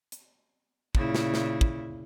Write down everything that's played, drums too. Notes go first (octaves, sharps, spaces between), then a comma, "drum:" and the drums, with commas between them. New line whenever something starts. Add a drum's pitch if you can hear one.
drum: hi-hat
A#2 C#3 E4, drum: kick
drum: snare
drum: snare
drum: kick